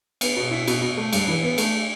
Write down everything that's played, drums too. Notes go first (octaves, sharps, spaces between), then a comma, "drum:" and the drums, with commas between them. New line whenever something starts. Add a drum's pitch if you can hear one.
B3, drum: cymbal
B2
E4
B2, drum: cymbal
B2
A3
G2, drum: cymbal
E3
B3
A3, drum: cymbal